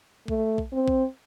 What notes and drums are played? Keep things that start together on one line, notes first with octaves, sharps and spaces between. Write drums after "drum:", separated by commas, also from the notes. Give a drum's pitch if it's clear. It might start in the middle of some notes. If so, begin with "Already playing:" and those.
A3, drum: kick A#1
drum: kick A#1
C4
drum: kick A#1